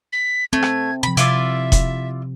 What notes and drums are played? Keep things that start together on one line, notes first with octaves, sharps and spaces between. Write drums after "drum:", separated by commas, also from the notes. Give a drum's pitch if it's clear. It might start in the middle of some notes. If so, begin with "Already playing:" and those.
B6
A3 C4 G#6
drum: rim click
C3 F3 B5
C3 E4 F4 D5 E5, drum: hi-hat
drum: kick E1, hi-hat